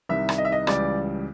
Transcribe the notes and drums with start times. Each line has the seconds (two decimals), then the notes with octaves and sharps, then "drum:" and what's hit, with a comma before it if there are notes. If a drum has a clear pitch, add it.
0.09 C2 C3 D#3 G3 E5
0.29 drum: rim click
0.38 D#5
0.45 E5
0.52 D#5
0.67 C#2 C#3 E3 G3 D5, drum: rim click